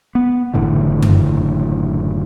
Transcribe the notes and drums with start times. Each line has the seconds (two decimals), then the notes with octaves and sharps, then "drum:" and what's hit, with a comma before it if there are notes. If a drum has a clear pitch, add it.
0.15 B3
0.54 F#1 A2 D3 E3
1.02 drum: tom F#2